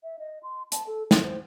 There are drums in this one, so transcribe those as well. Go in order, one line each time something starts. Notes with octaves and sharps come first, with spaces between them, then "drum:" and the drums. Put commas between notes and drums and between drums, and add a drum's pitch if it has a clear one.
E5
D#5
C6
A5, drum: hi-hat
A4
C4, drum: snare
C5